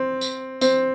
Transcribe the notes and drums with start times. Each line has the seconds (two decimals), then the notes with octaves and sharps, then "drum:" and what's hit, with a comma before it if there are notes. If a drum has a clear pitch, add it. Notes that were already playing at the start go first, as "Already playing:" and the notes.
Already playing: C4
0.21 drum: tambourine
0.61 C4, drum: tambourine